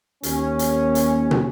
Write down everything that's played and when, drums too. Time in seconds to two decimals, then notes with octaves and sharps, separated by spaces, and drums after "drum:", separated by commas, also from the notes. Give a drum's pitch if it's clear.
0.23 D#2 C#4, drum: hi-hat
0.59 drum: hi-hat
0.95 drum: hi-hat
1.31 drum: tom